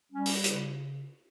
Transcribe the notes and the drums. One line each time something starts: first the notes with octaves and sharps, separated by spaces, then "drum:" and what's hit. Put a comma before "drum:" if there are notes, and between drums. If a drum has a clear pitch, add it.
G3 C#4
drum: open hi-hat
C#3, drum: hi-hat